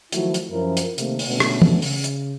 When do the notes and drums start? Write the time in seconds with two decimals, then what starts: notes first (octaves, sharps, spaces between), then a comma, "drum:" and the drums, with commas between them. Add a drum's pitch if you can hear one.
0.12 D#3 F3 F#3 A3 E4 F#4, drum: hi-hat
0.34 drum: hi-hat
0.50 F#2 F3 C#4 E4 A#4
0.77 drum: hi-hat
0.98 C3 D#3 A3 A#3, drum: hi-hat
1.19 drum: open hi-hat
1.28 B2 D3 G#3 A3 B3 C#4
1.40 drum: rim click
1.62 drum: tom
1.82 C#3, drum: open hi-hat
2.04 drum: hi-hat